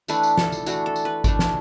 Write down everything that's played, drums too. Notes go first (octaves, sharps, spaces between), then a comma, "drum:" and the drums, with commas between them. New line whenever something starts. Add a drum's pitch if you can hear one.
E3 A3 D4 B4, drum: tambourine
drum: tambourine
A4, drum: snare
drum: tambourine
E3 A3 D4 F#4, drum: tambourine
A4
drum: tambourine
B4
E3 A3 D4 D5, drum: kick G#1, tambourine
drum: snare